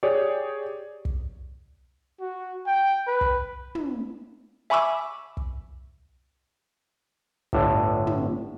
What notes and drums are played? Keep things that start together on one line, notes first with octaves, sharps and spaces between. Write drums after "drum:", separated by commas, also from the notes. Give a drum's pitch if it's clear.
G4 G#4 C#5 D5
drum: kick
F#4
G5
B4
drum: kick
drum: tom
E5 G#5 B5 C#6 D6 E6
drum: kick
G1 A2 D3, drum: kick
drum: tom